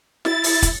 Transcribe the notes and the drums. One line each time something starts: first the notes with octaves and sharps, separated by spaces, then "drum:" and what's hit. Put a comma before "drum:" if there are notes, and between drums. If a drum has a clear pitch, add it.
E4 A6, drum: snare
drum: open hi-hat
drum: kick, hi-hat